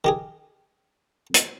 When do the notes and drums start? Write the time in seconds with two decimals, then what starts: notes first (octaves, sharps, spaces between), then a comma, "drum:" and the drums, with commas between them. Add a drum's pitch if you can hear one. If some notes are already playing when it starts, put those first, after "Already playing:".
0.04 D#3 G4 G#4
1.34 drum: hi-hat